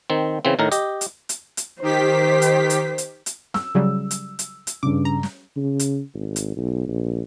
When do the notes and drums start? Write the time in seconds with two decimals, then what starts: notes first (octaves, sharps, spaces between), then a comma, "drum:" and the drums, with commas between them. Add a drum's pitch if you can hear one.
0.10 D#3 C4
0.45 C#3 E3 C4
0.59 A2 D#3 A#4 A#5
0.72 G4 D#5, drum: hi-hat
1.01 drum: hi-hat
1.29 drum: hi-hat
1.57 drum: hi-hat
1.82 D#3 G4 C5 B6
2.42 drum: hi-hat
2.70 drum: hi-hat
2.98 drum: hi-hat
3.26 drum: hi-hat
3.54 E6, drum: snare
3.75 C#3 F#3 G3
4.11 drum: hi-hat
4.39 drum: hi-hat
4.67 drum: hi-hat
4.83 G2 C#3 D6
5.05 A#5
5.23 drum: snare
5.56 C#3
5.79 drum: hi-hat
6.14 G#1
6.36 drum: hi-hat
6.56 B1
6.87 A#1